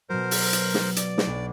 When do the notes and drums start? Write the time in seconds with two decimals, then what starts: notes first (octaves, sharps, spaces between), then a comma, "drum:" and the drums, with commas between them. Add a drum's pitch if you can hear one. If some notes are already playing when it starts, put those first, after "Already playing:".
0.09 B2 F#3 A#4 C5
0.31 drum: open hi-hat
0.53 drum: hi-hat
0.74 drum: snare
0.96 D5, drum: hi-hat
1.18 drum: snare
1.27 B1 D4